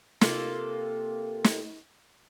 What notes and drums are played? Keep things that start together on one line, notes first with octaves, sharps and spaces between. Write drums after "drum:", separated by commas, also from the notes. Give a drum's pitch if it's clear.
C3 A#3 F4 A4, drum: snare
drum: snare